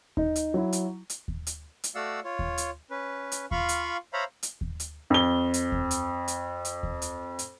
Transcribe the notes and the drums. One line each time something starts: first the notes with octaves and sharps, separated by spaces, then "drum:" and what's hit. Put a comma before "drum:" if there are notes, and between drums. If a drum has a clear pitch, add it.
D#4, drum: kick D#2
drum: hi-hat
F#3 E4
drum: hi-hat
drum: hi-hat
drum: kick D#2
drum: hi-hat
drum: hi-hat
A3 F#4 D5 F5 F#5 E6
F4 C#5
drum: kick D#2
drum: hi-hat
C#4 B4
drum: hi-hat
F4 F5 B5 C#6, drum: kick D#2
drum: hi-hat
C5 C#5 E5 F5 A#5 B5
drum: hi-hat
drum: kick D#2
drum: hi-hat
F2 G7
drum: hi-hat
drum: kick D#2
drum: hi-hat
drum: hi-hat
drum: hi-hat
drum: kick D#2
drum: hi-hat
drum: hi-hat